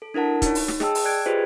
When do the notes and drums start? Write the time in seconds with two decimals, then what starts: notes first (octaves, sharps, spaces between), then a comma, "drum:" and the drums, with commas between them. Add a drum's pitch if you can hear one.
0.02 A4
0.14 D4 E4 A#4 F#5 A5
0.42 D#4 F#4 C#5, drum: kick, hi-hat
0.55 drum: open hi-hat
0.68 drum: snare
0.80 G#4 D#5 G5 A5 E6, drum: snare
0.95 drum: open hi-hat
1.04 D5 G5 F#6 G#6 D7
1.26 F4 G4 G#4 B4 C5 D#5